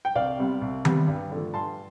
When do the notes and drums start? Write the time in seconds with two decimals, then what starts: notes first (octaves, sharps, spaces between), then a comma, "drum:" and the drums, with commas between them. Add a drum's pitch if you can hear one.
0.05 G5
0.15 C2 D5 F5
0.39 C3 G3 B3
0.62 C2
0.85 C3 G3 B3, drum: tom D#3
1.08 G2
1.32 D3 F3 A3
1.54 G2 A5 C6